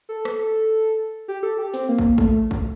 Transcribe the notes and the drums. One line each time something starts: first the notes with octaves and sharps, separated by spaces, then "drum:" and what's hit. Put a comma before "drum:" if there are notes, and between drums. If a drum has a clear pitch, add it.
A4
drum: rim click
G4
A4
G4
C4, drum: open hi-hat
A#3
drum: kick
A3, drum: kick
drum: kick